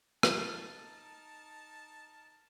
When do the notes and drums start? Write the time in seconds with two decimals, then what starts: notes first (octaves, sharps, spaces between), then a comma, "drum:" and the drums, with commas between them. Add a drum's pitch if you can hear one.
0.23 D#4 A#4 A5, drum: rim click